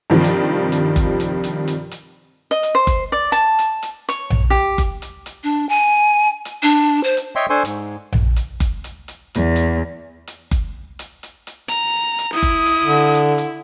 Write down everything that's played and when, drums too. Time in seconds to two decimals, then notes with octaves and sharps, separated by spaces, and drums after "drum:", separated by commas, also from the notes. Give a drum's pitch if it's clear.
0.10 G2 C3 D#3 F3
0.24 drum: hi-hat
0.72 drum: hi-hat
0.96 drum: kick F#1, hi-hat
1.20 drum: hi-hat
1.44 drum: hi-hat
1.68 drum: hi-hat
1.91 drum: hi-hat
2.51 D#5
2.63 drum: hi-hat
2.75 C5
2.87 drum: kick F#1, hi-hat
3.12 D5
3.32 A5, drum: hi-hat
3.59 drum: hi-hat
3.83 drum: hi-hat
4.09 C#5, drum: hi-hat
4.30 drum: tom A#1
4.50 G4
4.78 drum: kick F#1, hi-hat
5.02 drum: hi-hat
5.26 drum: hi-hat
5.44 D4
5.69 G#5
6.45 drum: hi-hat
6.63 D4
7.04 C5
7.17 drum: hi-hat
7.36 C#5 D#5 E5 G5 C6 C#6
7.50 D4 A4 C5 G#5 C6 C#6
7.65 G#2, drum: hi-hat
8.13 drum: tom A#1
8.36 drum: hi-hat
8.60 drum: kick F#1, hi-hat
8.84 drum: hi-hat
9.08 drum: hi-hat
9.35 E2, drum: hi-hat
9.56 drum: hi-hat
10.27 drum: hi-hat
10.51 drum: kick F#1, hi-hat
10.99 drum: hi-hat
11.23 drum: hi-hat
11.47 drum: hi-hat
11.68 A#5, drum: hi-hat
12.19 drum: hi-hat
12.33 E4 D#6
12.42 drum: kick F#1, hi-hat
12.66 drum: hi-hat
12.84 D3
13.14 drum: hi-hat
13.38 drum: hi-hat